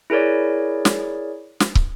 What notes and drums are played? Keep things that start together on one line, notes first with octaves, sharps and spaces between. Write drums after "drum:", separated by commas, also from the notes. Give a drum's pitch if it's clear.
E4 G#4 A#4 C#5 D5
drum: snare
drum: snare
drum: kick